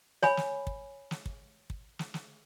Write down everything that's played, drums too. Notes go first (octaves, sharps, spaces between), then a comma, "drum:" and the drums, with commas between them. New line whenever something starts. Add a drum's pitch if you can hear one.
C#5 G#5 B5, drum: snare
drum: snare
drum: kick
drum: snare
drum: kick
drum: kick
drum: snare
drum: snare